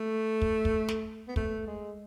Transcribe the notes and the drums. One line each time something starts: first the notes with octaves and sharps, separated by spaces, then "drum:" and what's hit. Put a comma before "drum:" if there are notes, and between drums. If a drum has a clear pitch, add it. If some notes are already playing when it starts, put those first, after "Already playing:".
Already playing: A3
drum: kick
drum: kick
drum: snare
B3
A3, drum: kick
G#3